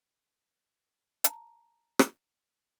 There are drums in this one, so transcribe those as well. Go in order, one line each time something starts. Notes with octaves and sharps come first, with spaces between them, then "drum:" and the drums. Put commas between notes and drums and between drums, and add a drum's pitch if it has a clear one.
A5 A#5, drum: hi-hat
drum: rim click